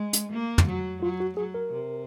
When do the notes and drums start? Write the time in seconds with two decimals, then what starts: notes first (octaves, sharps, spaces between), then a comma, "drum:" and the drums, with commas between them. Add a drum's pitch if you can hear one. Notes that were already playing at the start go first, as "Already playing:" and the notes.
Already playing: G#3
0.13 drum: hi-hat
0.32 A#3
0.58 drum: tom
0.67 F#3
1.02 F#3 F4
1.20 F#4
1.37 F#3 G#4
1.54 A#4
1.72 C3